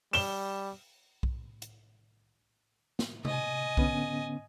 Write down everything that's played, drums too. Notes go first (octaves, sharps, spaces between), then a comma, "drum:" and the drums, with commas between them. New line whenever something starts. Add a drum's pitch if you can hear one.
G3 E7 G7, drum: open hi-hat
drum: kick B1
drum: hi-hat
drum: snare
D#5 G#5, drum: tom C3
D3 B3 C#4, drum: kick B1